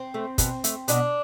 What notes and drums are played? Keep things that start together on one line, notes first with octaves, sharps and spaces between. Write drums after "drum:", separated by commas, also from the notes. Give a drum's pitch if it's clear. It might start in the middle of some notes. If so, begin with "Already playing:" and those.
Already playing: C4
A3
B2, drum: kick, hi-hat
A3, drum: hi-hat
B2 D4, drum: hi-hat